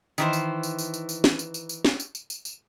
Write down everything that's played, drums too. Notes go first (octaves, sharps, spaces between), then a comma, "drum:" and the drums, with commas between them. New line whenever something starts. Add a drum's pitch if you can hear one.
D#3 E3 C5, drum: tambourine
drum: tambourine
drum: tambourine
drum: tambourine
drum: tambourine
drum: tambourine
drum: snare
drum: tambourine
drum: tambourine
drum: tambourine
drum: snare
drum: tambourine
drum: tambourine
drum: tambourine
drum: tambourine